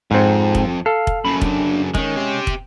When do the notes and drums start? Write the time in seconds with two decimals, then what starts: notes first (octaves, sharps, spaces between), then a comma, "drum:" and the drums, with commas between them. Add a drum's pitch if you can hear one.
0.11 F2 G#2 C4
0.55 drum: kick
0.86 A4 F5
1.07 drum: kick
1.25 F#2 C#3 B5
1.41 D4, drum: kick
1.95 D#3 G#3 C#4, drum: kick
2.17 C4 G4
2.47 drum: kick